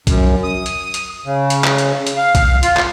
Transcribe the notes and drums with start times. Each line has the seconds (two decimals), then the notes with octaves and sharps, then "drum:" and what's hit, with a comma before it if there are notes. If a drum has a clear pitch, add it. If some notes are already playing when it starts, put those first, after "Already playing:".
0.07 F#2, drum: kick, hi-hat
0.43 D#6
0.66 drum: hi-hat
0.94 drum: hi-hat
1.26 C#3
1.50 drum: hi-hat
1.64 drum: clap
1.78 drum: hi-hat
2.07 drum: hi-hat
2.17 F5
2.35 drum: kick, hi-hat
2.63 F4, drum: hi-hat
2.77 drum: clap